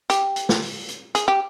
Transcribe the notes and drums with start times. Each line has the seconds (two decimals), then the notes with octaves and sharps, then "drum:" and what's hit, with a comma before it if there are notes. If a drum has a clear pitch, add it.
0.10 G4, drum: hi-hat
0.36 drum: hi-hat
0.49 drum: snare
0.62 drum: open hi-hat
0.88 drum: hi-hat
1.15 G#4, drum: hi-hat
1.28 G4